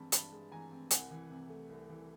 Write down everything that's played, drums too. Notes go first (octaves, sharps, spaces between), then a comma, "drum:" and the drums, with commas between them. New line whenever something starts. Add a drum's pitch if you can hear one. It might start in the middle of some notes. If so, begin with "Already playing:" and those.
Already playing: G2 E3 G#3 C4 A5 B5
G2 A5 B5, drum: hi-hat
G#3
E3 G#5 A#5
C4
C2 F#5 G#5, drum: hi-hat
E3
C3
A3
C2
E3